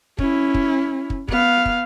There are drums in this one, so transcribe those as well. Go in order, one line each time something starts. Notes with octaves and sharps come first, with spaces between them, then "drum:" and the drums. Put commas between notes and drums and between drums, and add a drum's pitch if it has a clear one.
C#4 E4, drum: kick
drum: kick
drum: kick
B3 F5, drum: kick
drum: kick